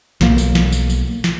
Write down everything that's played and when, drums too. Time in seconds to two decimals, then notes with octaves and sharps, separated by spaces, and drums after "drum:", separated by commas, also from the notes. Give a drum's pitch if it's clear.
0.21 B1 F#3 A#3, drum: snare
0.38 drum: tambourine
0.55 drum: snare
0.72 drum: tambourine
0.90 drum: tambourine
1.24 drum: snare